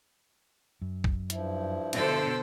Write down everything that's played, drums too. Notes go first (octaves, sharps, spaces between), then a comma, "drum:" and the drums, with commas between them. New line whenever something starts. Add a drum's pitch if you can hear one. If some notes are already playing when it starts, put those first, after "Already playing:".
F#2
drum: kick
G2 F3 E4, drum: hi-hat
B2 D3 A4 C5 E6, drum: cymbal